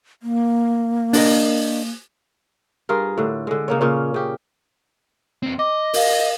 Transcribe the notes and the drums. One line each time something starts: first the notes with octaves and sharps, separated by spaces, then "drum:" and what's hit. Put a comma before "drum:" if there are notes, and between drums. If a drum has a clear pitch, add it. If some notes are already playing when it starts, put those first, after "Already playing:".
A#3
D4 A#4 D#5, drum: open hi-hat
G2 F4 G#4 A#4
A2 D3
D3 G#3
C#3 A#3 C#5
A#2 C#3 C#4
C#3 G4
E2 C4
D#5 D6
A#4 F5, drum: open hi-hat